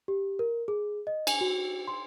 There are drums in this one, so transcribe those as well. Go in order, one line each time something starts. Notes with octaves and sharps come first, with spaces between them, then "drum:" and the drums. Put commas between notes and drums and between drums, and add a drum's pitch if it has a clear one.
G4
A#4
G#4
D#5
G#5, drum: cymbal
F#4
C6